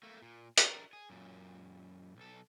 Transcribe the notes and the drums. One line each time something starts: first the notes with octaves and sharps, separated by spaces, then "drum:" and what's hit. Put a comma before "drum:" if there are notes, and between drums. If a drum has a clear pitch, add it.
A3 A#3
A#2
D4 A#4, drum: hi-hat
G#4
F#2 A#2
B1 A4